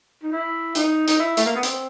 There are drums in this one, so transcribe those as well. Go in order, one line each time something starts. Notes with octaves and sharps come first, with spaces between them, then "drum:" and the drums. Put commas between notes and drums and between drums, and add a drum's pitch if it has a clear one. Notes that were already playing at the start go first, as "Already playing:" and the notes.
D#4
E4
D#4, drum: hi-hat
D#4, drum: hi-hat
E4
A3, drum: hi-hat
A#3
B3
C4, drum: hi-hat